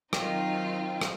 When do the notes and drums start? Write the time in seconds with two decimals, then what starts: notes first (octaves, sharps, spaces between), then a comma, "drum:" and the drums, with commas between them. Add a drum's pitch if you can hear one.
0.13 D#3 F#3 C4 D#4 F4 G5, drum: rim click
1.01 drum: rim click